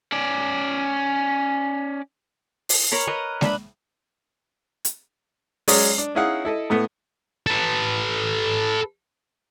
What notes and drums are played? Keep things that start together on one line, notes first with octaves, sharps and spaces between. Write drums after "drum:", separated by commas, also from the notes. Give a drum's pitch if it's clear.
C#4 D5
drum: open hi-hat
A#4 C#5 B5
A#4 B4 D#5
D4 B4 E5 B5, drum: snare G#3
drum: hi-hat
F#3 G#3 C#4 G#4 C#5 D5, drum: open hi-hat
D4
C#4 D#4 E4 G#4 F5 F#5
E4 A4 D#5
A2 A3 B3
A4 B4